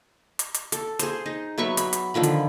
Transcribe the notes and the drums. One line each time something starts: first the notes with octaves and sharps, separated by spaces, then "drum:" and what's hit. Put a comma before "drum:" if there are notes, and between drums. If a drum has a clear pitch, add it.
drum: hi-hat
drum: hi-hat
A4, drum: hi-hat
G#4 C5, drum: hi-hat
D#4
F#3 B3 E5 C#6
B5, drum: hi-hat
drum: hi-hat
D3 D#3 F3 B5
drum: hi-hat